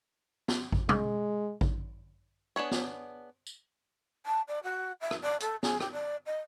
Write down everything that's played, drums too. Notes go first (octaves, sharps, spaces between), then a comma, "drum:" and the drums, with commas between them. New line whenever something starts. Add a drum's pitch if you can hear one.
drum: snare
drum: kick A1
G#3, drum: tom
drum: kick A1
B3 D4 G#4 C#5
drum: snare
drum: tambourine
A5
D5
F#4
E5
drum: rim click
D5
A4, drum: hi-hat
G#4, drum: snare
G4, drum: rim click
D5
D#5